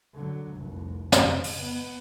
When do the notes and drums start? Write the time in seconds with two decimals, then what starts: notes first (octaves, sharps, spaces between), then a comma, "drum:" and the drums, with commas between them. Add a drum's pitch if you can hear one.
0.14 D3 F#3
0.55 F1 C2
1.12 C#3, drum: snare
1.44 drum: open hi-hat
1.60 B3